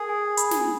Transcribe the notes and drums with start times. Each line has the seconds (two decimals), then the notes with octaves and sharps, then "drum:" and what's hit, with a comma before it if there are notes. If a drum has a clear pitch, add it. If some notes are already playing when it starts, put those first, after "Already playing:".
Already playing: G#4 A#4
0.09 G#5
0.37 B5, drum: hi-hat
0.51 drum: snare